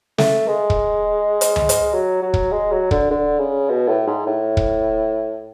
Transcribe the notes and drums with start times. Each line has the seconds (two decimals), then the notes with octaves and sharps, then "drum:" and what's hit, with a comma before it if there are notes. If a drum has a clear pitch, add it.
0.18 A3, drum: snare
0.48 G#3
0.70 drum: kick
1.41 drum: hi-hat
1.56 drum: tom C#2
1.69 drum: hi-hat
1.93 F#3
2.22 F#3
2.34 drum: kick
2.51 G#3
2.71 F#3
2.91 D3, drum: kick
3.10 D3
3.39 C#3
3.69 B2
3.88 A2
4.07 G#2
4.27 A2
4.57 drum: kick